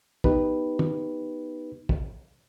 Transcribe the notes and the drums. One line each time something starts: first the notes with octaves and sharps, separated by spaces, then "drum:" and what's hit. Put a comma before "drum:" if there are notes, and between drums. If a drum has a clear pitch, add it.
B3 D#4 G4 B4, drum: kick
drum: tom
drum: kick